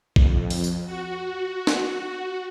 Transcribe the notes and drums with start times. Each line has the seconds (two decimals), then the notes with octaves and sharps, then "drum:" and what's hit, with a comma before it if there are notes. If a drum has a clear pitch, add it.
0.16 F2, drum: kick A#1
0.50 drum: open hi-hat
0.64 drum: tambourine
0.85 F#4
1.67 drum: snare